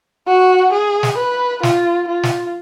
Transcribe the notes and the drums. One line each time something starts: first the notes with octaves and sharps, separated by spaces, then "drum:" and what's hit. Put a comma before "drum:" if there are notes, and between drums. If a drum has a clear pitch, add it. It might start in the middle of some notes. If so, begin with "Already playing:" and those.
F#4
G#4
drum: snare
B4
F4, drum: snare
F4
drum: snare